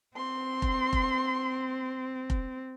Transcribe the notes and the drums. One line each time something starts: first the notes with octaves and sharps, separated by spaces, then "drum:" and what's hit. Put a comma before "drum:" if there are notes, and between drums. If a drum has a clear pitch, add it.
C4 C6
drum: kick F1
drum: kick F1
drum: kick F1